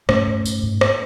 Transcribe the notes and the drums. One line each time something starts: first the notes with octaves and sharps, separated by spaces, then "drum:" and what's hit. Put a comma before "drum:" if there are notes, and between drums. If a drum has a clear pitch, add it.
G#2 A3 C#4, drum: rim click
G#2
G#2, drum: tambourine
G#2
drum: rim click